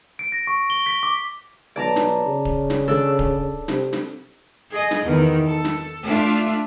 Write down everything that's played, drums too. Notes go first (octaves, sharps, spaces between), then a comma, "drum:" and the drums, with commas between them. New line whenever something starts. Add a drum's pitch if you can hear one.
D7
A#6
C#6
G7
B6
D6
B1 D5 A5 A#5
drum: snare
C#3
drum: kick D1
drum: snare
D4 A4
drum: kick D1
C3, drum: snare
drum: snare
G#4 D#5
drum: snare
E2 D#3
A4
drum: snare
A3 D4 F4 E5